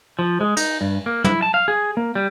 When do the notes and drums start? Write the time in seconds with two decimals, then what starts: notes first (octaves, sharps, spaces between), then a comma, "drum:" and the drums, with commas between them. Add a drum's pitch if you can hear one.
0.19 F3
0.41 G#3
0.57 D#4, drum: cymbal
0.81 G2
1.06 A#3
1.24 E4, drum: tom
1.42 A5
1.54 F5
1.68 G#4
1.97 A#3
2.15 G3